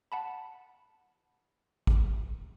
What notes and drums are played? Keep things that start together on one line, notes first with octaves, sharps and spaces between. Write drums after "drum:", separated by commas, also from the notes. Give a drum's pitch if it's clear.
F#5 A5 B5
drum: kick